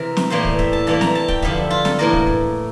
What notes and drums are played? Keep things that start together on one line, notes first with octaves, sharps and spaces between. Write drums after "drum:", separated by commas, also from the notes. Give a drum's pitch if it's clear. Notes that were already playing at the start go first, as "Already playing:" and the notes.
Already playing: C3 E3 A#4
drum: snare
A2 E3 G3 A#3 C5
drum: kick
E5, drum: kick
A5
C3 E3 G3 A#3 A5
A#5, drum: snare
A5
G5, drum: kick
G2 D3 F3 E5, drum: kick
F4
A4, drum: snare
A2 E3 A#3 A#4
drum: kick
drum: kick